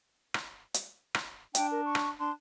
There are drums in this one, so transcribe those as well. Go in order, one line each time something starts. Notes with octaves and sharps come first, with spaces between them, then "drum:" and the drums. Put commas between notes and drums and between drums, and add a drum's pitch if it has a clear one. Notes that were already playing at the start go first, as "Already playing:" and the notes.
drum: rim click
drum: hi-hat
drum: rim click
D4 G5, drum: hi-hat
A#4
C#6
drum: rim click
D4 C6